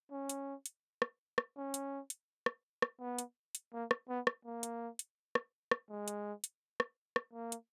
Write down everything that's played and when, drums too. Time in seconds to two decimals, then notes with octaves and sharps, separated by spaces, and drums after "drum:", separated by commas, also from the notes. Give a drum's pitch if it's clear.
0.11 C#4
0.29 drum: hi-hat
0.66 drum: hi-hat
1.02 drum: rim click
1.38 drum: rim click
1.57 C#4
1.74 drum: hi-hat
2.10 drum: hi-hat
2.46 drum: rim click
2.82 drum: rim click
3.01 B3
3.19 drum: hi-hat
3.55 drum: hi-hat
3.73 A#3
3.91 drum: rim click
4.09 B3
4.27 drum: rim click
4.45 A#3
4.63 drum: hi-hat
4.99 drum: hi-hat
5.35 drum: rim click
5.71 drum: rim click
5.90 G#3
6.08 drum: hi-hat
6.44 drum: hi-hat
6.80 drum: rim click
7.16 drum: rim click
7.33 A#3
7.52 drum: hi-hat